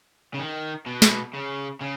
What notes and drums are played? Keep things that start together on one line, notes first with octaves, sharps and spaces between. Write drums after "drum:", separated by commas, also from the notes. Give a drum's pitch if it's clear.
C#3
D#3
B2
drum: snare
C#3
C#3